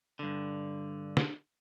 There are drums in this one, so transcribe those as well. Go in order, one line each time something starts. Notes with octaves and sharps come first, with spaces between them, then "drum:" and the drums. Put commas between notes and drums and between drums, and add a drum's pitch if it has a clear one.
G2 D3
drum: snare